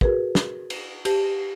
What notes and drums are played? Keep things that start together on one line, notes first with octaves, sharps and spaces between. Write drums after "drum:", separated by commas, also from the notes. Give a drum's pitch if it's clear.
F#4 G#4 A#4 B4, drum: kick
drum: snare
drum: cymbal
G4 A5, drum: cymbal